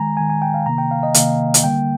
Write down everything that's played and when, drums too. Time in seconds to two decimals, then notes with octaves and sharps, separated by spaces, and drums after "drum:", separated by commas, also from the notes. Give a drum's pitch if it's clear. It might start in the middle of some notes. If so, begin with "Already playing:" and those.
Already playing: D#3 G#3 G#5 A#5
0.17 D#3 G#3 G#5
0.30 G#5
0.42 G5
0.54 F5
0.66 C3 D#3 A#3 A#5
0.78 G5
0.91 F5
1.03 D#5
1.14 C3 D#3 A#3 F5, drum: hi-hat
1.54 drum: hi-hat
1.64 D3 G3 A#3 G5